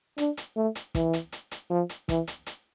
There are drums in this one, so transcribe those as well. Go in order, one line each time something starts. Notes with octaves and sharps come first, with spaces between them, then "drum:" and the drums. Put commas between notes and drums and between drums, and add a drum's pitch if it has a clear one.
D4, drum: hi-hat
drum: hi-hat
A3
drum: hi-hat
E3, drum: kick, hi-hat
drum: hi-hat
drum: hi-hat
drum: hi-hat
F3
drum: hi-hat
E3, drum: kick, hi-hat
drum: hi-hat
drum: hi-hat